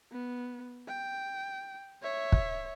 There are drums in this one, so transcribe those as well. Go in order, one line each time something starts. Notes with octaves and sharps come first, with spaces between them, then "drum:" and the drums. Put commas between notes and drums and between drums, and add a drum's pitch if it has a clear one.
B3
G5
C#5 E5
drum: kick